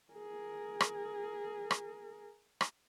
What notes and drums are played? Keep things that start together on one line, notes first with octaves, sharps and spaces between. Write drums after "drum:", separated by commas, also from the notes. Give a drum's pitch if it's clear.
G#4 A#4
drum: rim click
drum: rim click
drum: rim click